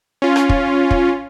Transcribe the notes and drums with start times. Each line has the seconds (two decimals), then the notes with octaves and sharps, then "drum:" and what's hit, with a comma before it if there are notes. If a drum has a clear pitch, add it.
0.22 C#4 F4
0.36 drum: rim click
0.49 drum: kick
0.91 drum: kick